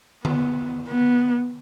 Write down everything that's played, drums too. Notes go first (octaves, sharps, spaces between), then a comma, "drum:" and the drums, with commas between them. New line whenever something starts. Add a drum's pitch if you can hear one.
B3, drum: tom D3
B3